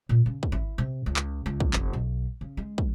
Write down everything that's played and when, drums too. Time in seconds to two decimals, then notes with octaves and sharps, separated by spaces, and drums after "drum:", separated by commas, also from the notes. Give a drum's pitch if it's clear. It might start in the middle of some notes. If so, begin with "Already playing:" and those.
0.09 A#2
0.26 C#3
0.43 drum: kick
0.52 E4
0.78 C3
1.06 C#2
1.16 drum: clap
1.46 C#2
1.60 drum: kick
1.73 F1, drum: clap
1.93 B1
2.41 C#3
2.57 G#3
2.78 drum: kick